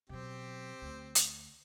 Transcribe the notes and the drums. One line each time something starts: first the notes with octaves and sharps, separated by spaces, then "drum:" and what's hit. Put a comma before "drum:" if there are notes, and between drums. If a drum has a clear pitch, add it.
B2 F#3 C4 G4
D2
drum: hi-hat